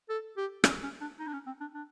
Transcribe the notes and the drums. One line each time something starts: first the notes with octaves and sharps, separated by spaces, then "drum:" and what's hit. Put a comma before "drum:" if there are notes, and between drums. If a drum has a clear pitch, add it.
A4
G4
C#4, drum: rim click
C#4
D4
D#4
D4
C#4
C4
D4
D4